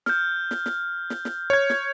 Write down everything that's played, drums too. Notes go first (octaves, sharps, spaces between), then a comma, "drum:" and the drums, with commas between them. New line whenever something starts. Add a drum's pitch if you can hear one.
F6 G6, drum: snare
drum: snare
drum: snare
drum: snare
drum: snare
C#5 G#6
drum: snare